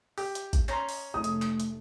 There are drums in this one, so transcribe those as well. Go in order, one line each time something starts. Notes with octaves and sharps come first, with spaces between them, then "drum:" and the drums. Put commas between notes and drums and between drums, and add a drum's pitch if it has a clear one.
G4, drum: open hi-hat
drum: hi-hat
drum: kick A1, hi-hat
C#4 A#5 C6, drum: clap
drum: open hi-hat
F1 A3 D#6
drum: hi-hat
drum: clap
drum: hi-hat